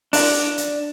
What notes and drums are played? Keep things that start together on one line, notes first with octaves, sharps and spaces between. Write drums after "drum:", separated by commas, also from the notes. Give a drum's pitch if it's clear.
D4, drum: open hi-hat
drum: hi-hat